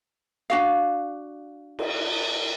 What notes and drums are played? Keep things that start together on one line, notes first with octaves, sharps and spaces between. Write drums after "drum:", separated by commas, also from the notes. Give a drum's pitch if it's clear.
D4 F#4 F5
drum: cymbal